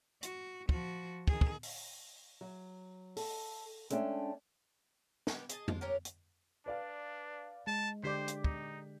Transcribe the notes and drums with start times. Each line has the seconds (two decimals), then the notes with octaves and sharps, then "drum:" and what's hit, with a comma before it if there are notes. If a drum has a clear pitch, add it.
0.23 F#4, drum: hi-hat
0.69 F3 F#4, drum: kick
1.27 D#3 G#4, drum: kick
1.41 drum: kick
1.63 drum: open hi-hat
2.41 F#3
3.17 A4, drum: open hi-hat
3.90 G#3 A3 C#4 D4 G5, drum: hi-hat
5.27 G#3 B3 G4, drum: snare
5.49 G#4 D#5 A5, drum: hi-hat
5.68 G#3 D4 F4, drum: tom F2
5.81 C#4 D4 G4 A#4
6.05 drum: hi-hat
6.66 D4 B4 D5 F5
7.67 G#3 A5
8.04 D3 G4 C5 D5 D6 G6 B6
8.28 drum: hi-hat
8.44 D#4, drum: kick